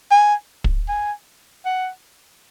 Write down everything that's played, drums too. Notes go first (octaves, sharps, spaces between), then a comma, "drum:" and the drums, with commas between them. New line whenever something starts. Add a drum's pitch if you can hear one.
G#5
drum: kick
G#5
F#5